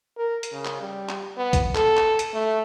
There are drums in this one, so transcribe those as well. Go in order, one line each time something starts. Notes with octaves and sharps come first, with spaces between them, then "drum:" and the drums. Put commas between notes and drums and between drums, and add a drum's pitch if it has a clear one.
A#4
drum: hi-hat
C#3
drum: clap
G3
drum: clap
B3
drum: kick, hi-hat
A4, drum: clap
drum: clap
drum: hi-hat
A3